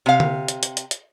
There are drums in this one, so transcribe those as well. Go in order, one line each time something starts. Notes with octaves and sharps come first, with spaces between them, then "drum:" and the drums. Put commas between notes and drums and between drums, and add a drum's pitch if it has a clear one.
C3 F5
drum: tom D3
drum: hi-hat
drum: hi-hat
drum: hi-hat
drum: hi-hat